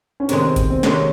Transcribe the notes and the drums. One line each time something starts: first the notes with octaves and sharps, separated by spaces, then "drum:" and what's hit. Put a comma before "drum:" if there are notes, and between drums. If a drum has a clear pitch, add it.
C#4
C3 D#3 G#3 C4, drum: hi-hat
C4
drum: kick G#1, hi-hat
C4
C3 D#3 G#3 C#4, drum: snare